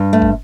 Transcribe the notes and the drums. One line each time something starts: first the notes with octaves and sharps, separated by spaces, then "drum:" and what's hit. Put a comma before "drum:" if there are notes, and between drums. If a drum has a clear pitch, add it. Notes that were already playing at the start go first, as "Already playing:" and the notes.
Already playing: G2
A3
drum: kick